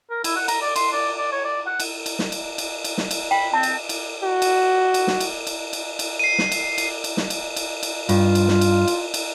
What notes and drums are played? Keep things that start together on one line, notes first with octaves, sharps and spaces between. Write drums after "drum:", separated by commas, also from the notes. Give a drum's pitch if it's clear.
A#4
E4, drum: cymbal
F#5
A#5, drum: cymbal
D5
C6, drum: cymbal
D5
D5
C#5
D5
F#5
drum: cymbal
drum: cymbal
drum: snare
drum: cymbal
drum: cymbal
drum: cymbal
drum: snare
drum: cymbal
G5 B5
C4 A5
drum: cymbal
drum: cymbal
F#4
drum: cymbal
drum: cymbal
drum: snare
drum: cymbal
drum: cymbal
drum: cymbal
drum: cymbal
C7 D#7
drum: snare
drum: cymbal
drum: cymbal
drum: cymbal
drum: snare
drum: cymbal
drum: cymbal
drum: cymbal
G2 F4, drum: cymbal
drum: cymbal
drum: snare
drum: cymbal
drum: cymbal
drum: cymbal